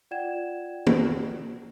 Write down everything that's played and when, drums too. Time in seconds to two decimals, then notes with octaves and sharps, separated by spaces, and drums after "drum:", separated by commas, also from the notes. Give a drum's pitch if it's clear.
0.11 F4 D5 F#5 G5 G#6 E7
0.87 drum: tom